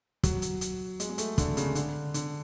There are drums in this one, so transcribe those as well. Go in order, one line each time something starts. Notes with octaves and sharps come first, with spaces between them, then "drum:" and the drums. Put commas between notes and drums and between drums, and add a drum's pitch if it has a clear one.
F#3, drum: kick, hi-hat
drum: hi-hat
drum: hi-hat
G#3, drum: hi-hat
G#3
A3, drum: hi-hat
D3, drum: kick, hi-hat
C#3, drum: hi-hat
D3, drum: hi-hat
D3, drum: hi-hat